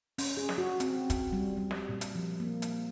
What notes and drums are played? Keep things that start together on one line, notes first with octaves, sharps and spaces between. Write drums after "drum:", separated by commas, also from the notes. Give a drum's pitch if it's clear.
C#4, drum: open hi-hat
G#4
drum: snare
F#4
C4, drum: hi-hat
drum: kick, hi-hat
G3
G3
drum: snare
A#2
drum: hi-hat
F3
A#3
drum: hi-hat